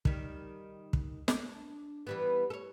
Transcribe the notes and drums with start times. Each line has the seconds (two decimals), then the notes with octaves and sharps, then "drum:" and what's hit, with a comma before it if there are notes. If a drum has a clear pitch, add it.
0.05 D#3 G3, drum: kick
0.93 drum: kick
1.28 D4, drum: snare
2.07 E3 G3 B3
2.50 A4 C#5